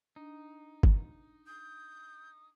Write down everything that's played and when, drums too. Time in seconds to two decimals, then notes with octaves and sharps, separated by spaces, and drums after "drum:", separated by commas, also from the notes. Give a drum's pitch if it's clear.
0.16 D4 D#4
0.83 drum: kick G1
1.47 D#6 G6